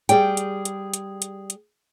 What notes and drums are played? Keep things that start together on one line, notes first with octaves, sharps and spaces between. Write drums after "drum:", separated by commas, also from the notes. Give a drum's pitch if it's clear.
G3 G#4 D5 G5, drum: hi-hat
drum: hi-hat
drum: hi-hat
drum: hi-hat
drum: hi-hat
drum: hi-hat